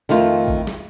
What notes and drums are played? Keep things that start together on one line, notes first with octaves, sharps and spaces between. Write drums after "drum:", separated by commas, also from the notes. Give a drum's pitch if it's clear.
F2 D#3 A3 F4
drum: kick
drum: snare